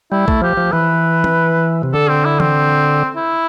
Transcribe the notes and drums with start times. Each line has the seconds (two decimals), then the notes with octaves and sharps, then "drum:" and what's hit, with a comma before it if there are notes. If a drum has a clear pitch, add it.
0.12 G3 E4
0.28 A3, drum: kick
0.42 F3 G4
0.57 F3
0.72 E3 B4
1.24 drum: tom E3
1.83 C3
1.93 D3 A4
2.09 C4
2.25 E4
2.40 C4, drum: tom E3
3.16 E4